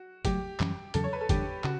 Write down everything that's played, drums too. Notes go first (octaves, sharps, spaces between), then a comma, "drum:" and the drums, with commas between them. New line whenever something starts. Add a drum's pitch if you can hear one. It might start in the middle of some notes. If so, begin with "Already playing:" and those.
Already playing: F#4
C#3 F#3 A3 G4, drum: kick F#1, hi-hat
F#2 E3 G3 C#4, drum: clap
E2 C#3 F#3 A4, drum: hi-hat
C#5
B4
A4
E2 D3 G3 D4 G4, drum: kick F#1, hi-hat
C#3 F#4, drum: clap